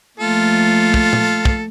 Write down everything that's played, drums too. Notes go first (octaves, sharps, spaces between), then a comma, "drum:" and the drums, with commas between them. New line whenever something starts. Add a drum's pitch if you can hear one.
F3 A3 A#3 F4 A4
drum: kick
drum: tom
drum: kick